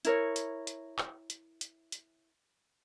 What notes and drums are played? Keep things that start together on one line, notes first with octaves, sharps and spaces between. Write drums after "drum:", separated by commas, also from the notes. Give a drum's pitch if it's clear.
E4 A#4 C#5, drum: hi-hat
drum: hi-hat
drum: hi-hat
drum: clap
drum: hi-hat
drum: hi-hat
drum: hi-hat